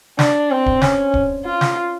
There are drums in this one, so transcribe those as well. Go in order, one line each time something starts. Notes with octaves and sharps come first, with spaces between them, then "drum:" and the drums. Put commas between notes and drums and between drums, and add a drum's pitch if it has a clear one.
D4, drum: snare
C4
drum: kick
C#4, drum: snare
drum: kick
F4
drum: snare